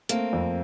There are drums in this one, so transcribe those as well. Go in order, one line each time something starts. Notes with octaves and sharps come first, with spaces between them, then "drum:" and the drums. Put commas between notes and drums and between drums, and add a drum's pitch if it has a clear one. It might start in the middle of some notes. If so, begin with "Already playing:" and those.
A3 A#3 C4, drum: hi-hat
F2